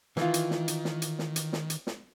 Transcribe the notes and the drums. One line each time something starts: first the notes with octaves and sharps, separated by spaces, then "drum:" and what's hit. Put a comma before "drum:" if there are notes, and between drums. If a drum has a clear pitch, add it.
D#3 E3 F4, drum: snare
drum: hi-hat
drum: snare
drum: hi-hat
drum: snare
drum: hi-hat
drum: snare
drum: hi-hat
drum: snare
drum: hi-hat
drum: snare